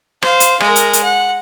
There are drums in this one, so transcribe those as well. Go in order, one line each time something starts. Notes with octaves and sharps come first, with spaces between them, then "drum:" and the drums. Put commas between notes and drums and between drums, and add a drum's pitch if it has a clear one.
C5 F5, drum: rim click
drum: hi-hat
G#3 A#4, drum: rim click
drum: hi-hat
drum: hi-hat
F#5